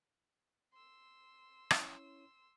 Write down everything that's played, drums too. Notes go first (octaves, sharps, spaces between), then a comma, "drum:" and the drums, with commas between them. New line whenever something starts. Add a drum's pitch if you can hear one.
C6 E6
C#4 E4 C#5, drum: rim click